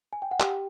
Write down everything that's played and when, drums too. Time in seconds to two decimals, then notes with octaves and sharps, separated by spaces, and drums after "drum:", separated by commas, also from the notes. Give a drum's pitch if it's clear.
0.13 G#5
0.22 G5
0.31 F#5
0.40 G4 G5, drum: clap